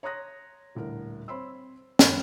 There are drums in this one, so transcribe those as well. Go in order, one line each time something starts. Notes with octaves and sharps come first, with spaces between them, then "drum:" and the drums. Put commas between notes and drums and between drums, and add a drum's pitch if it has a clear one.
C#5 A#5 C6 D#6 F#6 A#6
D#1 A2 D3 A#4
C4 C#5 B5 C6 E6
B5 F6 F#6, drum: snare